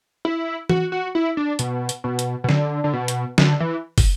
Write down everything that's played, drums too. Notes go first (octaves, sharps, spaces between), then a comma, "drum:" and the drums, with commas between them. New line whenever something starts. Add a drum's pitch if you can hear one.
E4
F#4, drum: tom E3
F#4
E4
D4
B2, drum: hi-hat
drum: hi-hat
B2
drum: hi-hat
B2
D3, drum: snare
D3
B2
drum: hi-hat
D3, drum: snare
E3
drum: kick, open hi-hat